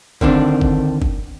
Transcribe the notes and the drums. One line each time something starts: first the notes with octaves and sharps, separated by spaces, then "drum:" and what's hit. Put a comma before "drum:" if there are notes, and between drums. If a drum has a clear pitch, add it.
D3 D#3 C4 D4, drum: kick F#1
drum: kick F#1
drum: kick F#1